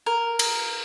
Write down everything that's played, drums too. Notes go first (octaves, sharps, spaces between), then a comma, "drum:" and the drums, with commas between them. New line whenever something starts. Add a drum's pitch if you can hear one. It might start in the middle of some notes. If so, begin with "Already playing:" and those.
A#4
drum: cymbal